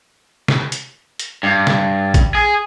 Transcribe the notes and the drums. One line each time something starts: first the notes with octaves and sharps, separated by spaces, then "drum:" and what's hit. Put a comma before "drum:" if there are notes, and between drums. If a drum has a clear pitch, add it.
drum: snare
drum: hi-hat
drum: hi-hat
G2
drum: snare
drum: kick A#1, hi-hat
G#4